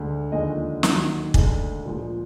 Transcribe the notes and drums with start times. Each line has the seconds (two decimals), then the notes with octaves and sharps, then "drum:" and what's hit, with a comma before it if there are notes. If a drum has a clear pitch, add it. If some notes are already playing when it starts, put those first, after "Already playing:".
Already playing: D2 D3 G#3
0.32 D#2 D3 F3 G#3 D#5
0.83 D#2 D#3 F#3, drum: snare
1.34 D2 D3 G#3, drum: kick
1.85 A#2 F3 G#3